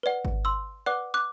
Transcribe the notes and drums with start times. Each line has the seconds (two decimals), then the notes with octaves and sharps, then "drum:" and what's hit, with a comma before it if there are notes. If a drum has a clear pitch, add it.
0.03 B4 D5 F#5
0.25 drum: kick G#1
0.45 C6 E6
0.86 B4 D5 F#5 D6 F#6
1.14 D6 F#6